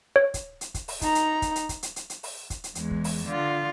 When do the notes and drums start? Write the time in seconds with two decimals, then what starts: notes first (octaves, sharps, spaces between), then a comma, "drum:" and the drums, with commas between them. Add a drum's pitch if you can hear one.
0.16 C#5
0.34 drum: kick, hi-hat
0.61 drum: hi-hat
0.74 drum: kick, hi-hat
0.88 drum: open hi-hat
1.01 D#4 A#5, drum: kick, hi-hat
1.15 drum: hi-hat
1.42 drum: kick, hi-hat
1.56 drum: hi-hat
1.69 drum: kick, hi-hat
1.83 drum: hi-hat
1.96 drum: hi-hat
2.10 drum: hi-hat
2.23 drum: open hi-hat
2.50 drum: kick, hi-hat
2.64 drum: hi-hat
2.75 E2 G#3, drum: hi-hat
2.91 drum: kick
3.04 drum: open hi-hat
3.26 D3 F4